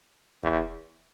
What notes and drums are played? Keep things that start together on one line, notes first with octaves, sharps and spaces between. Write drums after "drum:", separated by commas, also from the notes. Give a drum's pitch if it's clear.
E2, drum: kick